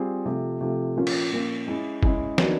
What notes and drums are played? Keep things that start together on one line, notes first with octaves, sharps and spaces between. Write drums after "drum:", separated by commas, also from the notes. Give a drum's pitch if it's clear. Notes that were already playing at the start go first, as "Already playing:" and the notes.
Already playing: G3 C4 F4 G#4
C3 F3 A3
C3 F3 A3
A#2 F3 A#3 C#4 F4
drum: cymbal
A#2 F3 A#3 C#4 F4
G#3 C#4 E4 G#4
G#3 C#4 E4 G#4, drum: kick
D#3 F#3 B3 D4, drum: snare